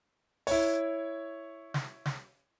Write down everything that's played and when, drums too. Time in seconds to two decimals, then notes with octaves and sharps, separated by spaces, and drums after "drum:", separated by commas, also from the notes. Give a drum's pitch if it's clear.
0.47 E4 C#5, drum: open hi-hat
1.74 drum: snare
2.05 drum: snare